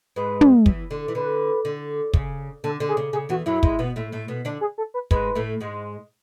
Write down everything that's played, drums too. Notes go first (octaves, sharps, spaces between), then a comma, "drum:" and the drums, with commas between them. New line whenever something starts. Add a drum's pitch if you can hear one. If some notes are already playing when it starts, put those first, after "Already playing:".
G#2 G#3 B4
drum: tom
E2 E3, drum: kick
D3
E3
D3 B4
D3
C#3, drum: kick
D3 A4
D3
G#4
C#3
C#3 G#4
E2 E3 F#4
F#2 F#3 E4
G#2 G#3, drum: kick
B2 B3
A2 A3
A2 A3
B2 B3
D3 D4
G#4
A4
B4
G#2 G#3 B4, drum: kick
A2 A3
G#2 G#3